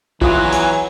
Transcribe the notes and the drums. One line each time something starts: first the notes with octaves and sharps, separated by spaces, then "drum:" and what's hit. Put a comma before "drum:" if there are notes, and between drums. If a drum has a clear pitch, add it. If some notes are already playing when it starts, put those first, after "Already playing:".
E3 F#3 E4 F4 G#4 D#6, drum: kick
drum: hi-hat